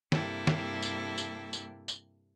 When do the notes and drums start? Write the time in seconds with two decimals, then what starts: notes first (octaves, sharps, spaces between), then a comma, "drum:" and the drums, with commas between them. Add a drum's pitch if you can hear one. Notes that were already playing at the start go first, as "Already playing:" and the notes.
0.12 G2 C3 A#3 E4 A4 G5, drum: snare
0.47 drum: snare
0.82 drum: tambourine
1.18 drum: tambourine
1.53 drum: tambourine
1.88 drum: tambourine